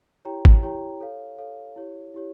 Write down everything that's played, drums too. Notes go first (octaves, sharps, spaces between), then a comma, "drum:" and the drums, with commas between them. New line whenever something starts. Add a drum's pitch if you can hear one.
E4 G4 C#5 G5 A#5
drum: kick G#1
E4 G4 C#5 G5 A#5
A4 C#5 F5
A4 C#5 F5
E4 G4 C#5
E4 G4 C#5